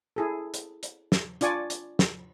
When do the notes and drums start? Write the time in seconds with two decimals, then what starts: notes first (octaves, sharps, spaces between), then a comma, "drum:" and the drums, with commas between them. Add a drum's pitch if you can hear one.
0.16 E4 G#4 A4
0.54 drum: hi-hat
0.83 drum: hi-hat
1.12 drum: snare
1.41 D4 F4 D5 G#5 C#6, drum: hi-hat
1.70 drum: hi-hat
1.99 drum: snare